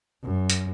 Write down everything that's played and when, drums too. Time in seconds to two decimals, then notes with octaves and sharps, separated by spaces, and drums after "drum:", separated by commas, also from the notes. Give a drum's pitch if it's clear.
0.23 F#2
0.50 drum: hi-hat